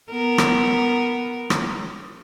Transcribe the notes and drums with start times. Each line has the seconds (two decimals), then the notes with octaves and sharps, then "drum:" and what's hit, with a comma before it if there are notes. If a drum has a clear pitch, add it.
0.10 B3 A#4
0.38 drum: rim click
1.50 drum: rim click